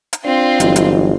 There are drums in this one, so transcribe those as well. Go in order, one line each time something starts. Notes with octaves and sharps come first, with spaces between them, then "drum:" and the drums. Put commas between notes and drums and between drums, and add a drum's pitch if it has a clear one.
drum: hi-hat
C4 D4 F4 C6
G1 E3 F#3 D#4, drum: hi-hat
drum: hi-hat